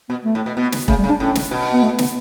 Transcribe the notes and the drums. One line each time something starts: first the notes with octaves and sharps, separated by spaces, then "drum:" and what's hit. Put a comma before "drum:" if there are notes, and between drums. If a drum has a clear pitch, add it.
B2 B3
A3
A2
B2
B2 B3
drum: snare
C#3 A3, drum: kick E1
G3
C#3
D4
A2 C#4
drum: snare
B2
B3
A3
B3, drum: snare